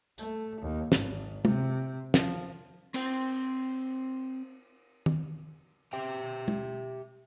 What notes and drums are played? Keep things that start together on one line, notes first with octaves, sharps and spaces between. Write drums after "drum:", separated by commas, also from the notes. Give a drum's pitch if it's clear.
A3, drum: tambourine
D#2
G#1, drum: snare
C3, drum: tom
F3, drum: snare
C4 C5, drum: cymbal
drum: tom D#3
G4 E5 G5
drum: tom